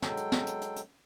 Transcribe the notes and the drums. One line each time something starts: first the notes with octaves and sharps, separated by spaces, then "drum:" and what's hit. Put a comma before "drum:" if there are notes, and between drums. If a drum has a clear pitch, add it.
F#3 G#3 A4 G5, drum: snare
drum: hi-hat
drum: snare
drum: hi-hat
drum: hi-hat
drum: hi-hat